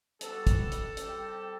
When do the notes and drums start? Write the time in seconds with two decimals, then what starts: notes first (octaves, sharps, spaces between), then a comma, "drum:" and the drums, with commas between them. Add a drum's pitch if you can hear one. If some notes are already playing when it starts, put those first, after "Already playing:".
0.21 G3 B3 F#4 A4, drum: hi-hat
0.47 drum: kick, hi-hat
0.72 drum: hi-hat
0.97 G3 C4 G4, drum: hi-hat